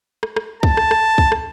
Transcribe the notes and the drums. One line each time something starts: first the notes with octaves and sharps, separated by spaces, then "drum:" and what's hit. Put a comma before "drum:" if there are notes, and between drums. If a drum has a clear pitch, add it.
drum: rim click
drum: rim click
A5, drum: kick
drum: rim click
drum: rim click
drum: kick
drum: rim click